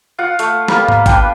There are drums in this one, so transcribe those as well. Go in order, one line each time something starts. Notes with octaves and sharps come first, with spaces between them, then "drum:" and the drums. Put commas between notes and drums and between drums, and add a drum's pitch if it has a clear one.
F4 F#5
A3, drum: hi-hat
G3 A#3 B3 A#4, drum: snare
drum: tom G#2
D4 B4 G5, drum: kick G#1, hi-hat